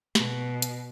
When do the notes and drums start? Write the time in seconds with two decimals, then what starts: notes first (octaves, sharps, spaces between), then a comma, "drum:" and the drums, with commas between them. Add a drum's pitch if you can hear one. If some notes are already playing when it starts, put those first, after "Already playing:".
0.15 B2, drum: snare
0.62 drum: hi-hat